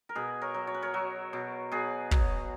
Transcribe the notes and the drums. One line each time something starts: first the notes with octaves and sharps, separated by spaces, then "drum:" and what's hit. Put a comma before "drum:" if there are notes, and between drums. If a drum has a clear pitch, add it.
A#4
B2 G#4 B4
A#4 C#5
F#3
C#5
B4
A#4 C#5
F#3
B2
B2 G#4 B4
F#3, drum: kick